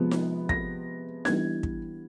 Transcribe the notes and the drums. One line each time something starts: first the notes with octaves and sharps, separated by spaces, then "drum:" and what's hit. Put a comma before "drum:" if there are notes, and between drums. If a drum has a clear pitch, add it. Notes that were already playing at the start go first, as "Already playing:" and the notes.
Already playing: C3 F3 G#3 B3
drum: snare D#4
A#6, drum: kick
E3 G3 B3 D4 G#6, drum: snare D#4
drum: kick